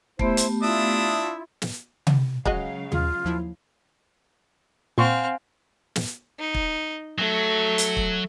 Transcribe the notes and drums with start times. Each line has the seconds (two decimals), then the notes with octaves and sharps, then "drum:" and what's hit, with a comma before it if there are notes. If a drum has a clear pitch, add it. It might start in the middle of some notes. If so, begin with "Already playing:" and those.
0.19 A3 B3 E4 G4 C5 C6, drum: kick
0.37 drum: hi-hat
0.62 D4 E4 F4 E5 D#6
1.62 drum: snare
2.07 drum: tom C3
2.45 C#3 F#3 G#3 F#4 D#5 F5, drum: kick
2.92 F4 G#4, drum: tom D#2
3.25 D#2 F3 E4
4.98 A#2 C4 F5 F#5 G#5 C6 C#6 F6
5.96 drum: snare
6.39 D#4
6.54 drum: kick
7.18 F#3 A3
7.78 drum: hi-hat
7.97 drum: kick